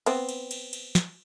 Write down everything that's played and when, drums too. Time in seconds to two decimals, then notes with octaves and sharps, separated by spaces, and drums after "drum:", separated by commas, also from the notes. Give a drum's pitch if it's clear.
0.06 B3 C4, drum: cymbal
0.29 drum: cymbal
0.51 drum: cymbal
0.73 drum: cymbal
0.95 drum: snare